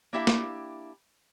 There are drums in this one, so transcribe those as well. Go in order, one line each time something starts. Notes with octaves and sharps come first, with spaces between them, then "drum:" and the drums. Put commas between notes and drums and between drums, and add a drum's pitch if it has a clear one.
A#3 D4 E4 G4 E5 G5
drum: snare